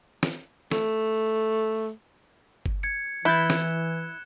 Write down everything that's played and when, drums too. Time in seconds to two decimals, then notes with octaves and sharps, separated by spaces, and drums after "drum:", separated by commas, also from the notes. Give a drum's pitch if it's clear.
0.23 drum: snare
0.71 A3, drum: snare
2.66 drum: kick G1
2.83 G#6 C#7
3.25 E3 E4 B5 F#6 G6 A6 E7 G7
3.50 drum: snare